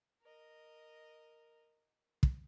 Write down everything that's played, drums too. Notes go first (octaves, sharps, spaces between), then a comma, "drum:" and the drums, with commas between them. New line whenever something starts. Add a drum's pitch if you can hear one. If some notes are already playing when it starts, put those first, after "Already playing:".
A#4 D#5
drum: kick